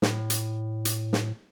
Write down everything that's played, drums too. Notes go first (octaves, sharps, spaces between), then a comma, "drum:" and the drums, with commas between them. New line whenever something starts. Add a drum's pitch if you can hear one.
A2, drum: snare
drum: hi-hat
drum: hi-hat
drum: snare